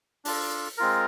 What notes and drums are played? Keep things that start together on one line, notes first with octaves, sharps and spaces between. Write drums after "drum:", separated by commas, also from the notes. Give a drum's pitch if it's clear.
D4 F4 A4, drum: open hi-hat
G#3 C4 F4 A#4